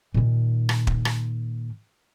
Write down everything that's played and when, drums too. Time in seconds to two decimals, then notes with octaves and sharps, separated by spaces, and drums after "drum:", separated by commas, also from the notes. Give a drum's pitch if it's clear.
0.14 A#2 D#3
0.69 drum: rim click
0.87 drum: kick
1.05 drum: rim click